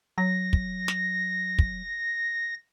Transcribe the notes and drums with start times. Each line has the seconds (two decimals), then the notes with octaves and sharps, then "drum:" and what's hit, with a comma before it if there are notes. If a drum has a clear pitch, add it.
0.18 F#3 A#6
0.53 drum: kick
0.88 drum: snare
1.59 drum: kick